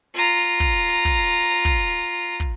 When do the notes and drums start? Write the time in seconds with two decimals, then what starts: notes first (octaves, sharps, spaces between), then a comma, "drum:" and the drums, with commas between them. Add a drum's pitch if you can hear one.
0.15 F4 A#5, drum: hi-hat
0.30 drum: hi-hat
0.45 drum: hi-hat
0.60 drum: kick, hi-hat
0.90 drum: open hi-hat
1.05 drum: kick, hi-hat
1.50 drum: hi-hat
1.65 drum: kick, hi-hat
1.80 drum: hi-hat
1.95 drum: hi-hat
2.10 drum: hi-hat
2.25 drum: hi-hat
2.40 drum: kick, hi-hat